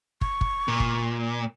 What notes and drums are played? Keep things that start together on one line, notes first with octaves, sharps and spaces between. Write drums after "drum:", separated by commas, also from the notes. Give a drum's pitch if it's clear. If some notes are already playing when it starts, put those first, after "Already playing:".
C#6, drum: kick
drum: kick
A#2
drum: kick